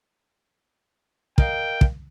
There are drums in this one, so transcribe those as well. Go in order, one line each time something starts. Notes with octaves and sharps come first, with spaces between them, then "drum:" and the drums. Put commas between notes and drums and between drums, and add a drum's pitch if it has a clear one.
A#4 D#5 F5 G5, drum: kick
drum: kick